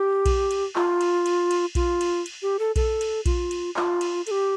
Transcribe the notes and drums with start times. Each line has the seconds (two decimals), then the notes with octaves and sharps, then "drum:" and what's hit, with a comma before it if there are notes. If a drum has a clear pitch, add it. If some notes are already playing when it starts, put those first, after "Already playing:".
Already playing: G4
0.26 drum: kick A#1, cymbal
0.51 drum: cymbal
0.76 F4, drum: clap
1.01 drum: cymbal
1.26 drum: cymbal
1.51 drum: cymbal
1.75 F4, drum: kick A#1, cymbal
2.01 drum: cymbal
2.26 drum: cymbal
2.42 G4
2.59 A4
2.76 A4, drum: kick A#1, cymbal
3.01 drum: cymbal
3.26 F4, drum: kick A#1, cymbal
3.51 drum: cymbal
3.76 F4, drum: clap
4.01 drum: cymbal
4.27 A4, drum: cymbal
4.31 G4